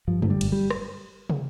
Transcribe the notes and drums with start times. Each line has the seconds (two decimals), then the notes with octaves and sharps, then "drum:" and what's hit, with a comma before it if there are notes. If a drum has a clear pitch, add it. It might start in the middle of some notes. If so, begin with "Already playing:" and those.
0.08 G2 F3
0.22 D3 A3, drum: tom F#2
0.30 G3
0.41 G1, drum: cymbal
0.52 G3
0.70 drum: rim click
1.30 drum: tom